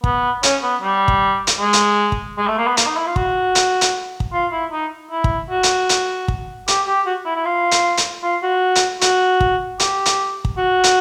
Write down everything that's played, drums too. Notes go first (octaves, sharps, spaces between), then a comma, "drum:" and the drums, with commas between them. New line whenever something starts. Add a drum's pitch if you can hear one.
B3, drum: kick
C#4, drum: hi-hat
B3
G3
drum: kick
drum: hi-hat
G#3
drum: hi-hat
drum: kick
G#3
A3
A#3
B3
A#3, drum: hi-hat
D#4
E4
F4
F#4, drum: kick
drum: hi-hat
drum: hi-hat
drum: kick
F4
E4
D#4
E4
drum: kick
F#4
drum: hi-hat
drum: hi-hat
drum: kick
G4, drum: hi-hat
G4
F#4
E4
E4
F4
drum: hi-hat
drum: hi-hat
F4
F#4
drum: hi-hat
F#4, drum: hi-hat
drum: kick
G4, drum: hi-hat
drum: hi-hat
drum: kick
F#4
drum: hi-hat